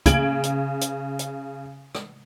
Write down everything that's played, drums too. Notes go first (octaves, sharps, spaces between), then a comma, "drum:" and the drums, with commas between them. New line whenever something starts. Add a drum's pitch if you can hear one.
C#3 G#6 D7 F#7, drum: kick, hi-hat
drum: hi-hat
drum: hi-hat
drum: hi-hat
drum: rim click